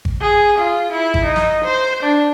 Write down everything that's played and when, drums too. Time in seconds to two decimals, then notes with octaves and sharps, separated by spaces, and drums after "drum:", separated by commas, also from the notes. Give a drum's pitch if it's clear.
0.05 drum: kick G#1
0.21 G#4
0.58 F4
0.92 E4
1.14 drum: kick G#1
1.25 D#4
1.36 drum: snare
1.65 C5
2.03 D4